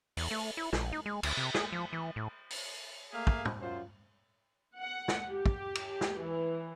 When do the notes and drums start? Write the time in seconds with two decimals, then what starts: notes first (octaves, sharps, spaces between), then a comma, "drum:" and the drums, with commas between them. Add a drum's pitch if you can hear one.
0.17 E2, drum: open hi-hat
0.31 A3
0.57 E4
0.73 A#1, drum: snare
0.92 D#4
1.06 G#3
1.23 D2, drum: cymbal
1.37 C3
1.54 G#4, drum: snare
1.72 F3
1.93 E3
2.16 A2
2.50 drum: open hi-hat
3.12 A3 A#3 G#4 E5 F5
3.27 drum: kick
3.45 drum: tom
3.60 F#2 F4 C5
4.79 F#5
5.08 drum: snare
5.30 G4
5.46 drum: kick
5.75 drum: cymbal
6.01 drum: snare
6.21 E3